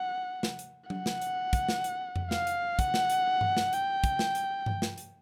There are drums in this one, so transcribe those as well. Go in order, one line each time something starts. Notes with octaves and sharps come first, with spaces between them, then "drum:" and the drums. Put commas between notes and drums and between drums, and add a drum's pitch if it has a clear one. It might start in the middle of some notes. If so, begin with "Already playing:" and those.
Already playing: F#5
drum: snare
drum: hi-hat
F#5, drum: tom F#3
drum: snare
drum: hi-hat
drum: kick, hi-hat
drum: snare
drum: hi-hat
drum: tom F2
F5, drum: snare
drum: hi-hat
F#5, drum: kick, hi-hat
drum: snare
drum: hi-hat
drum: tom G2
drum: snare
G5, drum: hi-hat
drum: kick, hi-hat
drum: snare
drum: hi-hat
drum: tom G2
drum: snare
drum: hi-hat